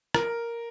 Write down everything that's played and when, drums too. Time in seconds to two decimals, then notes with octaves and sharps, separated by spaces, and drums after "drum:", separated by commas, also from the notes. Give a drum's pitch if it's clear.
0.15 A#4, drum: rim click